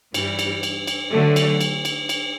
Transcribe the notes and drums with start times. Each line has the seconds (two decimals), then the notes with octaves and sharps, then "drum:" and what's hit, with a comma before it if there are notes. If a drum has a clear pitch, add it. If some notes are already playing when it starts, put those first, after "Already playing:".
0.14 G2 E3 G3, drum: cymbal
0.39 drum: cymbal
0.63 drum: cymbal
0.87 drum: cymbal
1.12 D3 F#3 A3
1.36 drum: cymbal
1.61 drum: cymbal
1.85 drum: cymbal
2.09 drum: cymbal